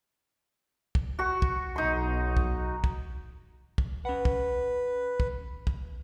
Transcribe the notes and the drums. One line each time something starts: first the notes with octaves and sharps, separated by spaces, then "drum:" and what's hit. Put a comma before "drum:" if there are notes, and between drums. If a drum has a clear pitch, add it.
drum: kick
F#4 C#6
drum: kick
B1 D#4 C6
drum: kick
drum: kick
drum: kick
C#4 B4 F#5
drum: kick
drum: kick
drum: kick